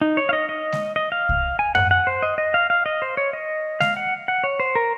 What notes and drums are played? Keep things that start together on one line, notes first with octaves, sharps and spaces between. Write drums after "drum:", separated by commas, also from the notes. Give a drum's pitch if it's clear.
D#4
C#5
F5
D#5
D#5
drum: snare G#3
D#5
F5
drum: kick C2
G#5
F#5, drum: tom F#2
F#5
C5
D#5
D#5
F5
F5
D#5
C5
C#5
D#5
F5, drum: snare G#3
F#5
F#5
C#5
C5
A#4